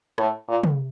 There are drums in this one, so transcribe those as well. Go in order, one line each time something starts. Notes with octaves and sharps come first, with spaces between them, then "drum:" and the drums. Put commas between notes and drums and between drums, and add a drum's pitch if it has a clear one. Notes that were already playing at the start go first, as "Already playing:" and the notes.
A2, drum: rim click
A#2
drum: tom